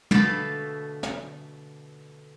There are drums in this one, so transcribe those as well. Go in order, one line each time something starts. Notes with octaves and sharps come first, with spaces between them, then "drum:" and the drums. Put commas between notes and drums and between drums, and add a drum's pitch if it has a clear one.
B2 D3 A3 A4 B4 F5, drum: tom
drum: snare